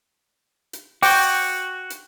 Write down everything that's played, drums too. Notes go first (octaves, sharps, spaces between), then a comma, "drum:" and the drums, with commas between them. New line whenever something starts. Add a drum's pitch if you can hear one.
drum: hi-hat
F#4 G5 D6, drum: open hi-hat
drum: hi-hat